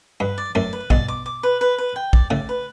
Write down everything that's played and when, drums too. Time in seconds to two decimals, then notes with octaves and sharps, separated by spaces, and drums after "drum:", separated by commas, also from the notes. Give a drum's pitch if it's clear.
0.20 G2 B4
0.38 D5
0.55 F#2 A2 D5
0.73 B4
0.90 G2 B2 D5, drum: kick A#1
1.08 D6
1.26 D6
1.43 B4
1.61 B4
1.78 B4
1.96 G5
2.13 D5, drum: kick A#1
2.30 A2 C#3 D5
2.49 B4